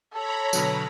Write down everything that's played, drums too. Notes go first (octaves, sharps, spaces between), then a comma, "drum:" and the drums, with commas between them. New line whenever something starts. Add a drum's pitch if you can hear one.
A4 C#5 A#5 B5
B2 D3 F#3, drum: tambourine